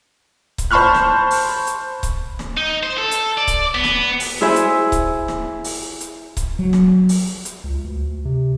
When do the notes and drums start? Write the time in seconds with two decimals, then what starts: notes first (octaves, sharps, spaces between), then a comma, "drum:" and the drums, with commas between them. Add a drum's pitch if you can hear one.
0.58 drum: kick C#1, hi-hat
0.71 C5 A5 B5 C#6 F6 F#6
0.94 drum: snare
1.31 drum: open hi-hat
1.67 drum: hi-hat
2.03 drum: kick C#1, hi-hat
2.39 drum: snare
2.57 D#4
2.83 C5
2.98 A4
3.11 drum: hi-hat
3.37 D5
3.47 drum: kick C#1, hi-hat
3.75 B3
3.84 drum: snare
4.20 drum: open hi-hat
4.41 E4 G#4 C5 E5 G#5
4.56 drum: hi-hat
4.92 drum: kick C#1, hi-hat
5.28 drum: snare
5.64 drum: open hi-hat
6.00 drum: hi-hat
6.37 drum: kick C#1, hi-hat
6.59 F#3
6.73 drum: snare
7.09 drum: open hi-hat
7.45 drum: hi-hat
7.64 C#2
7.84 D2
8.25 C3